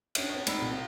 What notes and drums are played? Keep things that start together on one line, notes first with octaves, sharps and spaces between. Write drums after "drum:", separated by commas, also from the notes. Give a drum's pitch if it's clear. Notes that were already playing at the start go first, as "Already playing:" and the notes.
C#4 D4 C#5 E5, drum: cymbal
C4 B4 C#5
G#3 A3 D#4 D5 B5 E6, drum: cymbal
C2 A#2 C4
F5